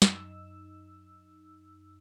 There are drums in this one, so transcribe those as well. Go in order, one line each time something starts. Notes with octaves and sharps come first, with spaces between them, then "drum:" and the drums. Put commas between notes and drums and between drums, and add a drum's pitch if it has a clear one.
F#2 D#4 E6, drum: snare